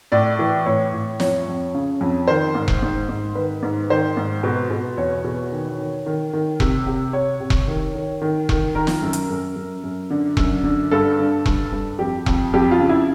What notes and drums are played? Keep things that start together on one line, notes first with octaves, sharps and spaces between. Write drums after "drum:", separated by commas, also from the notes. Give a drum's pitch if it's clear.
A2 D5
E3
A2 C#5
A2
F2 C#5, drum: snare
F2
C#3
F2
D#3 C5
G#2
drum: kick E1
G#2
G#2
D#3 B4
G#2
D#3 C5
G#2
B2
B2
E2 C#5
B2
D#3
D#3
D#3
D#3
C3, drum: kick E1
C3
C3 C#5
C3
drum: kick E1
D#3
D#3
D#3
D#3, drum: kick E1
D#3 A#4
drum: snare
F#2
drum: hi-hat
F#2
F#2
F#2
D3
F#2, drum: kick E1
D3
G2 A4
D3
G2, drum: kick E1
G2
F2 G4
F2, drum: kick E1
F2 G4
F4
C#3
E4